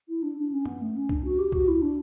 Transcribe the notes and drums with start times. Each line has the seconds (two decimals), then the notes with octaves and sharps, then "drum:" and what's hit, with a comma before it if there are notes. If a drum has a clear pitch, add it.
0.08 E4
0.22 D4
0.37 D4
0.51 C#4
0.66 B3, drum: tom G2
0.81 A3
0.95 C#4
1.09 D4, drum: kick C2
1.24 F#4
1.38 G4
1.52 F#4, drum: kick C2
1.67 E4
1.81 D4